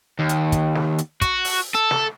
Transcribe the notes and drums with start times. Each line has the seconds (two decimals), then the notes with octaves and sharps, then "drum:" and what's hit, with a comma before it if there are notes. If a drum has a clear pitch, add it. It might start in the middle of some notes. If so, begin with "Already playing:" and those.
0.19 D#2
0.29 drum: hi-hat
0.52 drum: kick, hi-hat
0.75 drum: snare
0.98 drum: hi-hat
1.22 F#4, drum: kick, hi-hat
1.45 drum: open hi-hat
1.75 A4
1.91 drum: snare